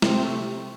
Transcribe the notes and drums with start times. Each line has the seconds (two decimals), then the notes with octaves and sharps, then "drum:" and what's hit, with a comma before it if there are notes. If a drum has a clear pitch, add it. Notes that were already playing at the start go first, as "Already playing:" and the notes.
0.02 C3 C4, drum: snare
0.20 A3